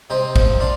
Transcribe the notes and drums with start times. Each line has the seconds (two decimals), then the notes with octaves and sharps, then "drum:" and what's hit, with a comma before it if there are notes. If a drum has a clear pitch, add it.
0.10 C3 C4 D#4
0.36 F3, drum: kick
0.60 D4 F4